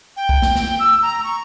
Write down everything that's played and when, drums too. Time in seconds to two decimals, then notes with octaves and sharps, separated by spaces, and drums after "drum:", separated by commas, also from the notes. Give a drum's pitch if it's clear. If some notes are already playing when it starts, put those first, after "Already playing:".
0.16 G5
0.29 drum: kick
0.42 drum: snare
0.55 drum: snare
0.78 E6
1.02 A#5
1.23 C#6